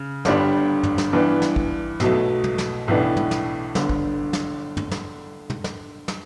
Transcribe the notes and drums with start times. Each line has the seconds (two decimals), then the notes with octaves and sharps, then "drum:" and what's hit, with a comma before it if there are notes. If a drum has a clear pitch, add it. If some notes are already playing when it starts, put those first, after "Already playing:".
Already playing: C#3
0.25 G1 G2 D3 G3 D4, drum: snare
0.83 drum: tom
0.98 drum: snare
1.13 G2 E3 B3 D4
1.42 drum: snare
1.56 drum: kick
2.00 B1 B2 F#3 A3, drum: snare
2.44 drum: tom
2.58 drum: snare
2.88 B1 A2 E3 B3 D4
3.17 drum: tom
3.31 drum: snare
3.75 G1 G2 D3, drum: snare
3.89 drum: kick
4.33 drum: snare
4.77 drum: tom
4.91 drum: snare
5.50 drum: tom
5.64 drum: snare
6.08 drum: snare